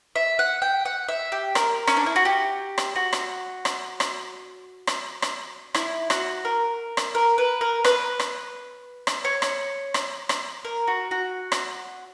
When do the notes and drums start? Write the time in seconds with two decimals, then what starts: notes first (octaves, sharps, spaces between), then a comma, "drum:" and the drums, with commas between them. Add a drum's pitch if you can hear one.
0.15 E5
0.39 F#5
0.62 G5
0.85 F#5
1.09 E5
1.32 G4
1.55 A#4, drum: rim click
1.87 C#4, drum: rim click
1.97 D4
2.06 E4
2.16 F#4
2.25 G4
2.78 drum: rim click
2.96 F#4
3.13 drum: rim click
3.65 drum: rim click
4.00 drum: rim click
4.87 drum: rim click
5.22 drum: rim click
5.74 E4, drum: rim click
6.10 F#4, drum: rim click
6.45 A#4
6.97 drum: rim click
7.15 A#4
7.38 B4
7.61 A#4
7.84 B4, drum: rim click
8.19 drum: rim click
9.07 drum: rim click
9.25 C#5
9.42 drum: rim click
9.94 drum: rim click
10.29 drum: rim click
10.65 A#4
10.87 F#4
11.11 F#4
11.52 drum: rim click